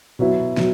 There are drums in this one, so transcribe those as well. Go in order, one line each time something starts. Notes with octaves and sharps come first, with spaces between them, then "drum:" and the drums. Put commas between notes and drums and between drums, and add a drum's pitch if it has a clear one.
B2 F#3 B3 E4
B2 F#3, drum: snare